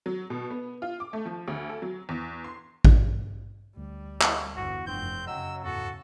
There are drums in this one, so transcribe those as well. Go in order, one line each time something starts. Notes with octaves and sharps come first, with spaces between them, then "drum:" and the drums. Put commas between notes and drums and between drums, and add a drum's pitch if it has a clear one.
F#3
B2
B3
F4
D6
A3
F3
D2
A4
F#3
E2
C6
drum: kick A1
D2 G3
drum: clap
G1 E2 F#4
F1 G2 C4 G6
F#2 C#3 F#3 D#5 F#5 G5 E6
E2 G#2 F#4 A4